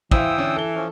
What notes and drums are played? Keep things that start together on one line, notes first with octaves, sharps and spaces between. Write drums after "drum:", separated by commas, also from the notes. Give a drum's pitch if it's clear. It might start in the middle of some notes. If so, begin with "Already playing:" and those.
E3 E4 C5 F5 G5 D#6 E6, drum: kick
D3 C#4 D4
A4 G7
F3 C#4